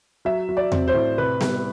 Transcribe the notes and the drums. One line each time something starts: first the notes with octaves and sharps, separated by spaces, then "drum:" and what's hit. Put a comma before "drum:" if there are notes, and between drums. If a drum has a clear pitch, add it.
F#3 E5
F#3
D5
C4, drum: tom E2
C5
A2
C3 B4
G3, drum: snare B3